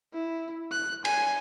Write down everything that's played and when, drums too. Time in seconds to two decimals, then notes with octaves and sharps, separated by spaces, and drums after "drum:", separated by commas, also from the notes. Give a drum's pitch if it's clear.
0.13 E4
0.72 F#6
1.05 G#5, drum: cymbal